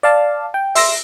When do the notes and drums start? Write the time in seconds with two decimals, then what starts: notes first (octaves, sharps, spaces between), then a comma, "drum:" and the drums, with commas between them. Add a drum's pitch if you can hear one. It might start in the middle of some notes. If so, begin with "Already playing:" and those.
0.03 D5 F5 A5
0.54 G5
0.75 E5 C6 E6 A#6, drum: open hi-hat